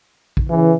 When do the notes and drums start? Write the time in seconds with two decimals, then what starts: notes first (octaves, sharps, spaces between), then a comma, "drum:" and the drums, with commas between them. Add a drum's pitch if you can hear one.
0.37 drum: kick
0.48 C#3 E3